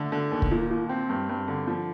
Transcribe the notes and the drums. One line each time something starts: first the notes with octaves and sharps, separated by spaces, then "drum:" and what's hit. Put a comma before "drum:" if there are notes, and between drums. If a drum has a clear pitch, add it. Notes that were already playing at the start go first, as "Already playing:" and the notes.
Already playing: D3 A3
D3
D#2
drum: kick
A#2
A#2
C4
G2
G2
D3
F3